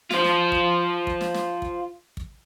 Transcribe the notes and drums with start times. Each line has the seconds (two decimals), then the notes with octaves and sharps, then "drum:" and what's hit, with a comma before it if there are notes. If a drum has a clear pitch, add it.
0.11 F4 C5, drum: snare
0.24 drum: snare
0.52 drum: kick
1.07 drum: kick
1.21 drum: snare
1.34 drum: snare
1.62 drum: kick
2.17 drum: kick